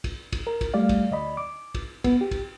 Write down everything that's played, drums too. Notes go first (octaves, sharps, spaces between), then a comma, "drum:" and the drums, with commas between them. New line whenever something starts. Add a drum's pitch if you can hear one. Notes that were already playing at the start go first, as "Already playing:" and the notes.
drum: kick, cymbal
drum: kick, cymbal
A#4
drum: kick, cymbal
G3 A3 D5 F5
drum: kick, cymbal
D2 D5 D#5 B5
D6
drum: kick, cymbal
B3, drum: kick, cymbal
G4
drum: kick, cymbal